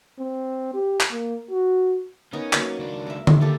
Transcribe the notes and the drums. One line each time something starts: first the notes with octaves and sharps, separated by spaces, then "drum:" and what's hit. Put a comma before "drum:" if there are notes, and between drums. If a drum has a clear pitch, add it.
C4
G4
drum: clap
A#3
F#4
B3 C#4 D#4 A#4
F#3 A#3 F5, drum: clap
C#2 D4
A#4 E5
drum: tom D3
C#2 A#3 F4 G4 A4